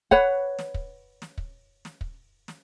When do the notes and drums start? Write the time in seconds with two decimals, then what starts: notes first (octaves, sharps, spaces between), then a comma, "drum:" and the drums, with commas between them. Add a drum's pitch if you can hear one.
0.11 B4 C#5 F#5, drum: kick
0.59 drum: snare
0.74 drum: kick
1.22 drum: snare
1.38 drum: kick
1.85 drum: snare
2.01 drum: kick
2.48 drum: snare